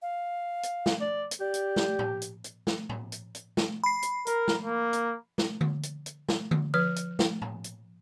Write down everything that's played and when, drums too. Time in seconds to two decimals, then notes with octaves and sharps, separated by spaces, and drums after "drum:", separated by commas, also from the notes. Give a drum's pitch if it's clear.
0.02 F5
0.63 drum: hi-hat
0.86 drum: snare
1.01 D5
1.31 drum: hi-hat
1.41 G4 D5
1.54 drum: hi-hat
1.76 drum: snare
1.99 drum: tom A2
2.22 drum: hi-hat
2.44 drum: hi-hat
2.67 drum: snare
2.89 drum: tom A2
3.12 drum: hi-hat
3.35 drum: hi-hat
3.57 drum: snare
3.84 B5 C7
4.02 drum: hi-hat
4.27 A#4, drum: hi-hat
4.48 drum: snare
4.65 A#3
4.93 drum: hi-hat
5.38 drum: snare
5.61 drum: tom D3
5.83 drum: hi-hat
6.06 drum: hi-hat
6.29 drum: snare
6.51 drum: tom D3
6.74 F3 B4 F6
6.96 drum: hi-hat
7.19 drum: snare
7.42 drum: tom A2
7.64 drum: hi-hat